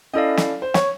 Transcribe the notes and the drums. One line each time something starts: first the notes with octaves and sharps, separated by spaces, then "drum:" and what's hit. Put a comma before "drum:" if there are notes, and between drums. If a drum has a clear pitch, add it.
C#4 E4 A4 D5 D#5 F5
drum: snare
C5
C#5, drum: snare